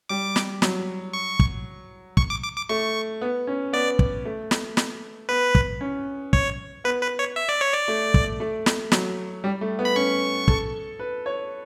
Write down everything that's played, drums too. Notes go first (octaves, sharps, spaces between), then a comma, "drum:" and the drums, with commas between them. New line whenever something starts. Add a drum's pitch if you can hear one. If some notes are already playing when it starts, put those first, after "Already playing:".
G3 D6
drum: snare
F#3, drum: snare
C#6
drum: kick
C#6, drum: kick
D6
D6
D6
A3 C#6
B3
C#4
B3 D5
drum: kick
A3
drum: snare
drum: snare
B3 B4
drum: kick
C#4
C#5, drum: kick
B3 B4
B4
C#5
E5
D5
C#5
D5
A3
drum: kick
A3
drum: snare
F#3, drum: snare
G3
A3
B3
B5
C#4 C#6
A4, drum: kick
B4
C#5